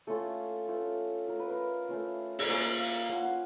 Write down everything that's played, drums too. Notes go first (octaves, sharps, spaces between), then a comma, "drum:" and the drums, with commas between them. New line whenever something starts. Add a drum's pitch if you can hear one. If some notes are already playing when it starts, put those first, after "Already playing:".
A3 C#4 F4 A4
A3 C#4 F4
A3 C#4 F4 A#4
B4
A#4
A3 C#4 F4
drum: open hi-hat
A#3 C#4 F4 E5
F5
A#3 C#4 F4 F#5
F5